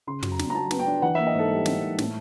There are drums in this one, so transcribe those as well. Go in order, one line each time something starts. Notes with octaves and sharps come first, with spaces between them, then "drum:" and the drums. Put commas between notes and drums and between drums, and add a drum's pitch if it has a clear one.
C#3 C6
F#3, drum: tom
A#5
D4, drum: snare
A#5
F#3 A5
B3, drum: snare
G5
D4
E3 F#5
A#3 E5
D#5
G#2 A4
G3
E3, drum: snare
G#2
A2, drum: snare